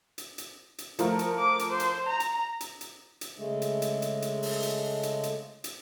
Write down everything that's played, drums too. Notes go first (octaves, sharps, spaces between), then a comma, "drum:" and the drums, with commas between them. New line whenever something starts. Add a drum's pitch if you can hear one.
drum: hi-hat
drum: hi-hat
drum: hi-hat
F3 A3 A#4, drum: hi-hat
drum: hi-hat
D6
drum: hi-hat
C5
drum: hi-hat
A#5
drum: hi-hat
drum: hi-hat
drum: hi-hat
drum: hi-hat
C#3 G#3 A3
drum: hi-hat
drum: hi-hat
drum: hi-hat
drum: hi-hat
drum: open hi-hat
drum: hi-hat
drum: hi-hat
drum: hi-hat
drum: hi-hat